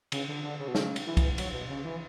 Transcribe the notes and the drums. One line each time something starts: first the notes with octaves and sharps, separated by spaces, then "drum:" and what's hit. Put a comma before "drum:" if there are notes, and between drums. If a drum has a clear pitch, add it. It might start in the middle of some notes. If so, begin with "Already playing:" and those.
C#3, drum: cymbal
D3
D3
C#3
B2
C#3, drum: snare
drum: cymbal
E3
drum: kick, cymbal
F#3, drum: cymbal
B2
C#3
E3